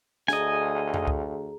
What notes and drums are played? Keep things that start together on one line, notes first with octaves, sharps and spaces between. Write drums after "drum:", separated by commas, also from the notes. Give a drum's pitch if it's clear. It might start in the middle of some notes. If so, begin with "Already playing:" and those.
D2 G#4 D#5 G#5 A#5, drum: snare
drum: tom F2
drum: kick C#2